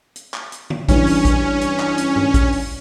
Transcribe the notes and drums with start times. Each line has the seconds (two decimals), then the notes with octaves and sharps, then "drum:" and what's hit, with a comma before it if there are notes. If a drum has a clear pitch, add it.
0.16 drum: hi-hat
0.34 drum: clap
0.52 drum: hi-hat
0.70 drum: tom D3
0.89 G2 E3 C#4, drum: kick A1, hi-hat
1.07 drum: open hi-hat
1.25 drum: kick A1, hi-hat
1.61 drum: hi-hat
1.80 drum: clap
1.98 drum: hi-hat
2.16 drum: tom G2
2.34 drum: kick A1, hi-hat
2.52 drum: open hi-hat